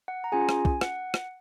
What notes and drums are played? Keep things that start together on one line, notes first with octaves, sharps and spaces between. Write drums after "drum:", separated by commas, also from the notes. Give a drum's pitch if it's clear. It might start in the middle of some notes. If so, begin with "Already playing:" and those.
F#5
A#5
C#4 F4 G#4 G#5
drum: rim click
drum: kick
F#5, drum: rim click
drum: rim click